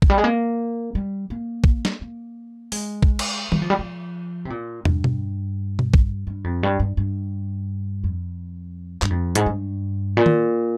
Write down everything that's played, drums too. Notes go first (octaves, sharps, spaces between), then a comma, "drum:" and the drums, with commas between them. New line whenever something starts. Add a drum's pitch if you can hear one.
F3, drum: kick
G3
G#3
A#3
G3
A#3
drum: kick
drum: snare
A#3
G#3, drum: open hi-hat
drum: kick
drum: cymbal
G3, drum: tom D#3
F3
G3
F3
C3
A#2
G2, drum: tom
drum: tom B2
drum: tom B2
drum: kick
G2
F2
G2
G2
G2
F2
G2, drum: clap
F2
G#2, drum: hi-hat
G2
A#2
drum: tom D#3